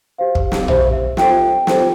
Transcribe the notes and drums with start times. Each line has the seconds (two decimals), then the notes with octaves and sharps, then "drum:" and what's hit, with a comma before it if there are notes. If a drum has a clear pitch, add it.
0.18 G4 C5 F5
0.35 drum: kick
0.52 drum: snare
0.68 G4 C5 E5, drum: tom
0.92 E5
1.17 F4 A4 C5 G5, drum: snare
1.67 F4 A4 C5, drum: snare